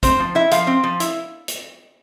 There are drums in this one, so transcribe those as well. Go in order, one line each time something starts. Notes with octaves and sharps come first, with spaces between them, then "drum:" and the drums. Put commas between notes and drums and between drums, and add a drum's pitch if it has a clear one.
C4 C5, drum: kick, hi-hat
F3
E4 E5
F3 F5, drum: hi-hat
C4
F3
E4, drum: hi-hat
drum: hi-hat